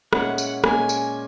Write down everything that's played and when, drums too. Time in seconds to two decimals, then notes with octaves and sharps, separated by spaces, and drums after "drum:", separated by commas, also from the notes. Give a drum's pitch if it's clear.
0.13 A#2 G#3 C#4 E4 F#5, drum: rim click
0.38 drum: tambourine
0.64 A#2 G#3 C#4 G#5, drum: rim click
0.89 drum: tambourine